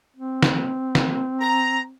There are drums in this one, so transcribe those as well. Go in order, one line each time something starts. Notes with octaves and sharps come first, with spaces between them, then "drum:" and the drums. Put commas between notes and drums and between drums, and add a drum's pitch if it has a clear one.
C4
drum: snare
drum: snare
A#5